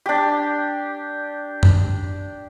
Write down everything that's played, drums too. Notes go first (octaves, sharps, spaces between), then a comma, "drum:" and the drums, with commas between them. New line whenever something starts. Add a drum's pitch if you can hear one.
D4 G4
drum: tom F#2